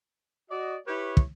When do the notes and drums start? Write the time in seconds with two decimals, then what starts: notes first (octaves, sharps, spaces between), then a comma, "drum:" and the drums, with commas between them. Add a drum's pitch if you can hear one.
0.50 F#4 D5 D#5
0.87 E4 G4 B4 C#5
1.17 drum: kick